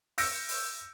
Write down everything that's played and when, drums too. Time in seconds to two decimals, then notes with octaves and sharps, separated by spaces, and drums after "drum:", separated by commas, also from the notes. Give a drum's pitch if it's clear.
0.18 E6 F6 G6 A#6 C#7 D7, drum: open hi-hat
0.49 drum: open hi-hat